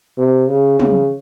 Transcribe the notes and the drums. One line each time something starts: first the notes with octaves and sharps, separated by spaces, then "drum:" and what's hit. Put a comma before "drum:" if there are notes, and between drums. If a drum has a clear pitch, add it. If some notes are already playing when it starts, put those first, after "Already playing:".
C3
C#3
C#3, drum: tom